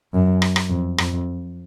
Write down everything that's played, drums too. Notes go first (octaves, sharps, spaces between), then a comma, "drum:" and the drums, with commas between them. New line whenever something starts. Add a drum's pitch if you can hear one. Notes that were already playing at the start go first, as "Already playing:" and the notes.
F#2
drum: rim click
drum: rim click
F2
F2, drum: rim click